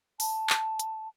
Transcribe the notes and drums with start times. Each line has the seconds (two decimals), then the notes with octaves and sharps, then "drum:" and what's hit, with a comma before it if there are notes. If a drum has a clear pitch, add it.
0.20 A5, drum: open hi-hat
0.50 drum: clap
0.79 drum: hi-hat